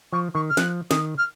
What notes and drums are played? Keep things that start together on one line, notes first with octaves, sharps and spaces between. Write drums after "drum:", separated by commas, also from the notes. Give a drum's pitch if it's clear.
F3 C#6
D#3 C#6
F6
F3 F#6, drum: snare
D#3 D#6, drum: snare
F6